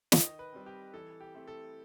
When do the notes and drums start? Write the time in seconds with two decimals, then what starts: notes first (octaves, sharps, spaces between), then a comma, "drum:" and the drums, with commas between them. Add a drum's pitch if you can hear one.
0.12 D#3 D#5, drum: snare
0.39 B4
0.53 G3 C4
0.66 G4
0.93 E3 A4
1.20 G4
1.34 A3 C4
1.47 A4